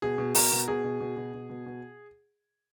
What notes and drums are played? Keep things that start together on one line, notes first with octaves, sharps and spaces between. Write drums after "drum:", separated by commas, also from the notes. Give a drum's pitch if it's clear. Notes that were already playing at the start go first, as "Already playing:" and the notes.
B2 G#4
B2
B2 A#4, drum: open hi-hat
B2
B2 G#4
B2
B2
B2
B2
B2
B2